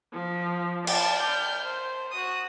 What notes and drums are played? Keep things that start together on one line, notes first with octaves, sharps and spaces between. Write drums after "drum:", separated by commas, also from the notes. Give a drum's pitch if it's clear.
F3
D5 F5 A5, drum: cymbal
F6 G6
C5
F#4 D#6